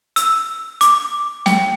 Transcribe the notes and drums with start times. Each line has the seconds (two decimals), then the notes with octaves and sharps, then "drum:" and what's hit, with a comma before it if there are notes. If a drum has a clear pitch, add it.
0.16 E6, drum: hi-hat
0.81 D6, drum: hi-hat
1.46 G5, drum: snare